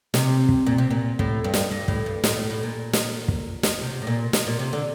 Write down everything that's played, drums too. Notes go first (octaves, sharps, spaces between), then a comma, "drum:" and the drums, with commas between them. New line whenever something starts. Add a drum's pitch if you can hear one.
C3, drum: snare
drum: kick
A#2
C3
A#2
A2, drum: kick
G2
drum: snare
G2
A2, drum: kick
G2
A2, drum: snare
A2
A2
A#2
drum: snare
drum: kick
drum: snare
C3
A2
A#2
drum: snare
A#2
C3
D3